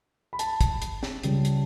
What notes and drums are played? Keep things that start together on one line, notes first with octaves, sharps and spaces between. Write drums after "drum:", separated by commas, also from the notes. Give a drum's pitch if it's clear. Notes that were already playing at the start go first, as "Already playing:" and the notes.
B5
A5, drum: hi-hat
drum: kick, hi-hat
drum: hi-hat
drum: snare
C#2 C#3 G3, drum: hi-hat
drum: hi-hat